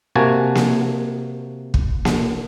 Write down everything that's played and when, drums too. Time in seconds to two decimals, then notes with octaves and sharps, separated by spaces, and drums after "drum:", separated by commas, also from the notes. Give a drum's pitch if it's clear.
0.16 C3 A#3 F#4 G#5 A5
0.55 drum: snare A#3
1.74 drum: kick
2.05 drum: snare A#3